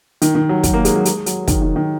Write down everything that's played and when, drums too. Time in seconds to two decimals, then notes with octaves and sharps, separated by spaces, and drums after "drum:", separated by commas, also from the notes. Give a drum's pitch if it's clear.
0.22 D#3, drum: hi-hat
0.35 D#3
0.49 F#3
0.63 F#3, drum: kick, hi-hat
0.74 A#3
0.85 G#3, drum: hi-hat
0.96 F#3
1.05 G#3, drum: hi-hat
1.26 F#3, drum: hi-hat
1.48 D#3, drum: kick, hi-hat
1.62 D#3
1.76 D#3